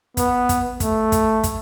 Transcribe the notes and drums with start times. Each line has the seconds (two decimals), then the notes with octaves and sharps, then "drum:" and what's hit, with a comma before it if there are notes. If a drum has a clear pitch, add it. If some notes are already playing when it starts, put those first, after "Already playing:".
0.17 B3, drum: kick, hi-hat
0.49 drum: kick, hi-hat
0.80 A3, drum: kick, hi-hat
1.12 drum: kick, hi-hat
1.44 drum: kick, hi-hat